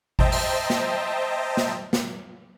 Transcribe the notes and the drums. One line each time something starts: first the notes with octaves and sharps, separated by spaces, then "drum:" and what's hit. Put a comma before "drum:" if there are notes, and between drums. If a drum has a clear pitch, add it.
C5 D#5 E5 G5 A5 A#5, drum: kick G#1
drum: open hi-hat
drum: snare
drum: snare
drum: snare